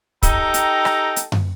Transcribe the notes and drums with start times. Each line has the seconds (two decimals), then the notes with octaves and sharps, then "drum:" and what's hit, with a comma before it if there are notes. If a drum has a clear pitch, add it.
0.23 D#4 G4 A4 G5 A#5, drum: kick, hi-hat
0.54 drum: hi-hat
0.85 drum: rim click
1.16 drum: hi-hat
1.32 drum: tom F#2